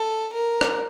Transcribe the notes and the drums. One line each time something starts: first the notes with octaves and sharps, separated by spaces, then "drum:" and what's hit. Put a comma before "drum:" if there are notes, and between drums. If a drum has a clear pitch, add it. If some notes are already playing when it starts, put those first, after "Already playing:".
Already playing: A4
A#4
drum: rim click